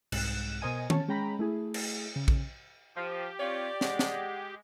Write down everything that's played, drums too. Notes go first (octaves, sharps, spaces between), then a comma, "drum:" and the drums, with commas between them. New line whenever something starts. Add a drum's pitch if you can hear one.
C2 G#2 F#6 E7, drum: cymbal
B2 A#4 C5 D#5 G#5 D#7
C#4 C#5 A5, drum: tom D#3
G#3 C#4 G5 A#5 B5
A3 E4 G#4
drum: cymbal
C#3
drum: kick A#1
F3 G4
C4 F4 C#5 D5
G#3 F#5, drum: snare
drum: snare